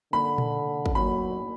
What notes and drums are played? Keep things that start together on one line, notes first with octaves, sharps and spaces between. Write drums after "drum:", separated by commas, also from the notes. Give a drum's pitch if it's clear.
D3 B5
drum: tom A#2
drum: kick
F#3 B5